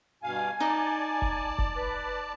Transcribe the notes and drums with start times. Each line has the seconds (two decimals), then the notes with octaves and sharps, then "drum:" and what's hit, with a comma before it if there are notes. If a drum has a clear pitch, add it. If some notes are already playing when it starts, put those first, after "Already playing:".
0.24 G2 B2 F5 G#5
0.60 D#4 D5 A5
1.22 drum: kick
1.58 drum: kick
1.77 B4